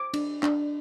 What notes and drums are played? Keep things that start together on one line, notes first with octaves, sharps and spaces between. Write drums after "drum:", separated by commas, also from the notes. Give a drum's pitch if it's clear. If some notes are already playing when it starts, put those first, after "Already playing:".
Already playing: C5 D6
D4, drum: cymbal
D4, drum: clap